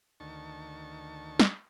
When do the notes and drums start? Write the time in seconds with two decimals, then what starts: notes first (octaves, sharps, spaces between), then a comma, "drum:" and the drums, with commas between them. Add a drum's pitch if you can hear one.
0.20 D2 D#3 A5 C#6
1.39 drum: snare